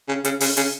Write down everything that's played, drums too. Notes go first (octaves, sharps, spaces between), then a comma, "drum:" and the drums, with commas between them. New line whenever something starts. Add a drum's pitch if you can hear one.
C#3
C#3, drum: hi-hat
C#3, drum: open hi-hat
C#3, drum: hi-hat